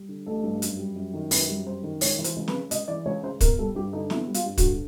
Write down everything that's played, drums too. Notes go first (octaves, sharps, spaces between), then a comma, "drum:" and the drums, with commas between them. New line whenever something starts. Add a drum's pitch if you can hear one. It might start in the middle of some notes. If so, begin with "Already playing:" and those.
Already playing: G3
D3
A1 A4
G2
F#2, drum: hi-hat
G3
F#2
D#3
F#2 B4, drum: open hi-hat
G3
F#2 C5
D#3
C#2 C#5, drum: open hi-hat
E3
C5, drum: hi-hat
C#2
B4, drum: snare
C#3
C#2 D#5, drum: hi-hat
E3 D5
C#2 C#5
C#3 C5
B3 A#4, drum: kick, hi-hat
G3 A4
G2 G4
D3 D#4
B3 E4, drum: snare
G3
F4, drum: hi-hat
G2
F#4, drum: kick, hi-hat
D3